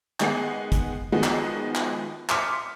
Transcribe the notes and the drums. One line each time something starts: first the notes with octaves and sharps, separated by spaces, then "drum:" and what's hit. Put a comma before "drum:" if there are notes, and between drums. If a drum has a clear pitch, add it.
D#3 G#3 B3 G#4 F#5 C7, drum: clap
drum: kick, hi-hat
D#3 F3 G#3 B3 F#4 G#4
drum: clap
drum: clap
C6 D6 D#6 F6 B6 C#7, drum: clap